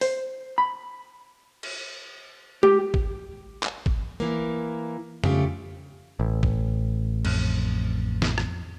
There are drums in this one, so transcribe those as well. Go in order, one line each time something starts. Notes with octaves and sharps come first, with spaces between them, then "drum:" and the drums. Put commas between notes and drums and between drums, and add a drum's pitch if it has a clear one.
C5, drum: open hi-hat
B5
drum: cymbal
G4, drum: tom G#3
drum: kick G#1
drum: clap
drum: kick G#1
E3 A#3
C#3 F3 A3 G4, drum: tom F2
A1
drum: kick G#1
F2, drum: cymbal
drum: snare
drum: rim click